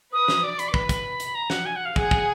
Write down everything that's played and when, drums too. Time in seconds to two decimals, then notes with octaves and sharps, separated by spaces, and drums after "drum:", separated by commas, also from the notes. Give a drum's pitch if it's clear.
0.13 B4 D#6
0.28 drum: snare
0.44 D5 D6
0.59 B5, drum: hi-hat
0.69 D6
0.74 B4 B5, drum: kick
0.89 drum: kick, hi-hat
1.20 drum: hi-hat
1.35 A#5
1.50 F#5, drum: snare
1.66 G#5
1.76 F#5
1.85 F5
1.96 G#4 F#5, drum: kick
2.11 drum: kick